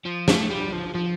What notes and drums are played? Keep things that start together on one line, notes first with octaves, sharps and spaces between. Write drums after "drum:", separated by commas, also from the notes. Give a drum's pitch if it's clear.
F3
A3, drum: snare
G3
F3
F3